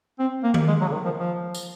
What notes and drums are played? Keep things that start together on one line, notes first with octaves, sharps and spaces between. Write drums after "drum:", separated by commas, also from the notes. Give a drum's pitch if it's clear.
C4
A#3
drum: tom D#3
G#3
F#3
C#3
D#3
F3
F3
drum: tambourine